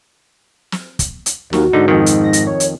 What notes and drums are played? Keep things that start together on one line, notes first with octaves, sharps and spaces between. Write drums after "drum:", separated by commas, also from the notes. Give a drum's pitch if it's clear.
drum: snare
drum: kick, hi-hat
drum: hi-hat
D#2 F#4, drum: snare
G#2 D3 D#4
F2 D#3
drum: hi-hat
A#6
drum: hi-hat
C#5
drum: hi-hat